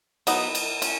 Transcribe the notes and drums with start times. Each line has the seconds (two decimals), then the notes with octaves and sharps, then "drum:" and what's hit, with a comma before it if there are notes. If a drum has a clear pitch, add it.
0.27 F#3 B3 D#4, drum: cymbal
0.55 drum: cymbal
0.82 C#4, drum: cymbal